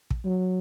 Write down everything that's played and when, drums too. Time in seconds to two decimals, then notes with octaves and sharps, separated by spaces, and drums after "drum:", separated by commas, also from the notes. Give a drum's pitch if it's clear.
0.10 drum: kick
0.25 F#3